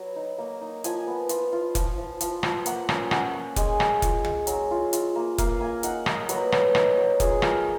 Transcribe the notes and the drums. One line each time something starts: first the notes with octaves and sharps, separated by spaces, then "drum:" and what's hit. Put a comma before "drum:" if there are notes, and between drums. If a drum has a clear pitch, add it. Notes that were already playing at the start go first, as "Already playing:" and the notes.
Already playing: F#3 B3
D#4
A#3
D#4
F3 G#5, drum: hi-hat
B3
F4, drum: hi-hat
F4
F3, drum: kick F1, hi-hat
F3
F3, drum: hi-hat
F3, drum: rim click
A#3 F#5, drum: hi-hat
C#4, drum: rim click
C#4 F#5, drum: rim click
A#3
G#3 G#5, drum: kick F1, hi-hat
C#4, drum: rim click
F4, drum: kick F1, hi-hat
G#3, drum: tom
F#3, drum: hi-hat
F4
F4, drum: hi-hat
A#3
A#3 F5, drum: kick F1, hi-hat
A#3 G#5
D#4 F#5, drum: hi-hat
A#3 D#5, drum: rim click
F#3 B4, drum: hi-hat
F#3, drum: rim click
D#4, drum: rim click
F#3
F4 G#4, drum: kick F1, hi-hat
F4 A#4, drum: rim click